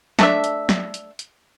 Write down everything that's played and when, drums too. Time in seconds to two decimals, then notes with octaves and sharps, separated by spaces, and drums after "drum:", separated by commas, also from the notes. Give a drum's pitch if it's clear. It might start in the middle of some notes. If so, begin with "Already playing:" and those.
0.19 A3 D4 E5, drum: snare
0.44 drum: hi-hat
0.69 drum: snare
0.94 drum: hi-hat
1.19 drum: hi-hat